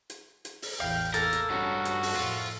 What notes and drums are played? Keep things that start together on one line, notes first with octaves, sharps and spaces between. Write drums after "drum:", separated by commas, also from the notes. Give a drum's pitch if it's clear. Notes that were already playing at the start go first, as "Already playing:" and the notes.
drum: hi-hat
drum: hi-hat
drum: open hi-hat
A1 E2 F5 G5
E2 A#3 A4 A#4, drum: hi-hat
drum: hi-hat
G2 C#4 D#4 F#4
drum: hi-hat
drum: open hi-hat
F2 A2 F4